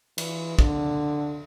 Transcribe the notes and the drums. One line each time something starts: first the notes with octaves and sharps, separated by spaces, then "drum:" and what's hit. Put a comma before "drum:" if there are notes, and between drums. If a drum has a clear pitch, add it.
E3, drum: cymbal
D3, drum: kick